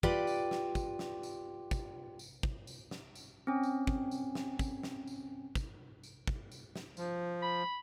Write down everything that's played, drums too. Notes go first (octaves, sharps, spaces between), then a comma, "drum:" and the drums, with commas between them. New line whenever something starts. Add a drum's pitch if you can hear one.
F4 G4 B4 D5 G5, drum: kick
drum: tambourine
drum: snare
drum: kick, tambourine
drum: snare
drum: tambourine
drum: kick, tambourine
drum: tambourine
drum: kick
drum: tambourine
drum: snare
drum: tambourine
C4 C#4
drum: tambourine
drum: kick
drum: tambourine
drum: snare
drum: kick, tambourine
drum: snare
drum: tambourine
drum: kick, tambourine
drum: tambourine
drum: kick
drum: tambourine
drum: snare
F3, drum: tambourine
B5